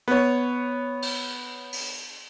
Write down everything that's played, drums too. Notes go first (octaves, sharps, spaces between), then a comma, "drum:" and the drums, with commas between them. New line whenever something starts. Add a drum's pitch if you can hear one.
B3 C#5
drum: open hi-hat
drum: open hi-hat